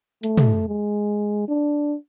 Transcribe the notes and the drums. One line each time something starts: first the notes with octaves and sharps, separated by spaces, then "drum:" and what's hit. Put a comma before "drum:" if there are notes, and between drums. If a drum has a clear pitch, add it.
A3, drum: hi-hat
drum: tom
G#3
D4